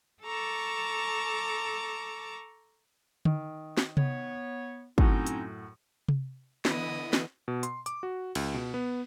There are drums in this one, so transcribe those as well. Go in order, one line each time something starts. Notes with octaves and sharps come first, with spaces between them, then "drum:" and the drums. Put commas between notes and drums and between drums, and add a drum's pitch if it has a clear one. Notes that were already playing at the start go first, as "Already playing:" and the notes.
A4 A5 A#5 C#6 D6
D#3, drum: tom D3
drum: snare
B3 C#5, drum: tom C3
F#2 A2 C4 C#4 D#4 F#4, drum: kick
drum: hi-hat
drum: tom C3
D3 E3 B3 E4 D#5, drum: snare
drum: snare
B2
C6, drum: hi-hat
D6, drum: hi-hat
F#4
C#2, drum: cymbal
B2
B3